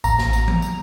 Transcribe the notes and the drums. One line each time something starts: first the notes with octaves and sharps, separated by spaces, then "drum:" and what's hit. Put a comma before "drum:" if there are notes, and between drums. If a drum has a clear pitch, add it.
A1 A#5, drum: tambourine
drum: snare
drum: tambourine
drum: tom E3
drum: tambourine